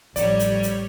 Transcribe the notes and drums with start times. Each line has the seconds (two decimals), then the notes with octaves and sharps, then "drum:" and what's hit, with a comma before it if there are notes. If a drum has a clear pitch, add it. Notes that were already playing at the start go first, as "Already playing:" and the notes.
0.16 A1 F3 G3 C#5 D5, drum: hi-hat
0.39 drum: hi-hat
0.63 drum: hi-hat